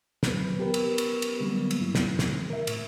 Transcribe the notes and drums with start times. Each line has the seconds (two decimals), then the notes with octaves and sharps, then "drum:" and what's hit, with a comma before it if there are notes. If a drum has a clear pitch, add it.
0.23 D2 F#3 B4, drum: snare
0.58 B3 G4 A#4 B4
0.74 drum: cymbal
0.98 drum: cymbal
1.22 drum: cymbal
1.40 D3 F#3 G3 A#3 B3
1.71 drum: cymbal
1.80 G2 F#3 E4
1.95 drum: snare
2.19 drum: snare
2.50 A#4 E5
2.67 A2, drum: cymbal